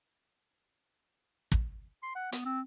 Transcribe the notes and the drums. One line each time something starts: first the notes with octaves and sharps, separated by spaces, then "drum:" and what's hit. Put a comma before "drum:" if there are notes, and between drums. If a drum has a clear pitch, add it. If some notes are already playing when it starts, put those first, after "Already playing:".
drum: kick
C6
F#5
B3, drum: hi-hat
C4